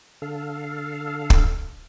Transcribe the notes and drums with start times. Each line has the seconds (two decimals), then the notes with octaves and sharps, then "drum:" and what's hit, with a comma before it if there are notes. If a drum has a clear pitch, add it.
0.22 D3 A4 F5
1.30 drum: kick